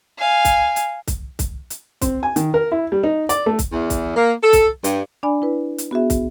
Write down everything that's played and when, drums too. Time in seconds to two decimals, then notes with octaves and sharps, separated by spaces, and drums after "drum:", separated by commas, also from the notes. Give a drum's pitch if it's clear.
0.18 F5 G#5
0.45 drum: kick, hi-hat
0.76 drum: hi-hat
1.08 drum: kick, hi-hat
1.39 drum: kick, hi-hat
1.70 drum: hi-hat
2.01 C4, drum: kick, hi-hat
2.23 G#5
2.36 D#3, drum: hi-hat
2.54 A#4
2.72 E4
2.92 G3
3.03 D#4
3.29 D5, drum: hi-hat
3.46 A3
3.59 drum: kick, hi-hat
3.72 E2
3.90 drum: kick, hi-hat
4.17 A#3
4.43 A4
4.53 drum: kick, hi-hat
4.84 G2, drum: hi-hat
5.23 D4 D5 G#5 B5
5.42 E4 B4
5.78 drum: hi-hat
5.91 B3 F#4 G#4 E5
6.10 drum: kick, hi-hat